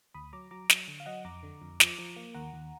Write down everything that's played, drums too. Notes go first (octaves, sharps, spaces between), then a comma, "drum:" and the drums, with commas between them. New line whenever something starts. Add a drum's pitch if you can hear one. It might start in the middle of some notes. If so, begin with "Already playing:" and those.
D2 B5 D#6
F#3 A#5 D6
F#3 A#5 D6
F#3, drum: snare
D3
F5
F#3 D#5 F#5
F2 A#5 D6
D3
F2
F3, drum: snare
F3
A#3
D#2 F#5 A#5
D#2